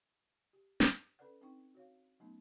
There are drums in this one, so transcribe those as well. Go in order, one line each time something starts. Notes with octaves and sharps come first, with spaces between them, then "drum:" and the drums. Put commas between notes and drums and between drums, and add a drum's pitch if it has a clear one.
G4
D#5 F#5, drum: snare
C#4 A4 B4 D5 F#5
C4 D4 D#4 G5 C#6
F#4 C#5 F5
F#3 A3 B3 C#4 D#4